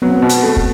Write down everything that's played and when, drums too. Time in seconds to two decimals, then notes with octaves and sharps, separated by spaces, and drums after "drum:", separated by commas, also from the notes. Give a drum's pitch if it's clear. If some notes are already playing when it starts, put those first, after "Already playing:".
0.02 F#3 B3
0.10 C4
0.17 B2 B3
0.29 drum: hi-hat
0.43 A3
0.57 drum: kick